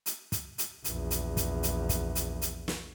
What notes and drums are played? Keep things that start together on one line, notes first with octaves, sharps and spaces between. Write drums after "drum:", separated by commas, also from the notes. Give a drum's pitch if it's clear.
drum: hi-hat
drum: kick, hi-hat
drum: hi-hat
A#1 E2, drum: hi-hat
drum: hi-hat
drum: kick, hi-hat
drum: hi-hat
drum: kick, hi-hat
drum: hi-hat
drum: hi-hat
drum: snare